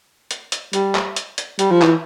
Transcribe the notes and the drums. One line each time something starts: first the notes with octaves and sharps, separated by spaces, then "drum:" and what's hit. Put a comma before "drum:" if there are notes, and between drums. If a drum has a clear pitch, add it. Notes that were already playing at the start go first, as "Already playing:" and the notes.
drum: hi-hat
drum: hi-hat
G3, drum: hi-hat
drum: clap
drum: hi-hat
drum: hi-hat
G3, drum: hi-hat
F3
E3, drum: clap